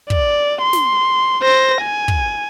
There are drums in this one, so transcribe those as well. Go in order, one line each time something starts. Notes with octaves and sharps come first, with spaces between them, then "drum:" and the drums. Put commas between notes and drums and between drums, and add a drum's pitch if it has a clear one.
D5, drum: kick
C6
drum: snare
C5 A#6
G#5
drum: kick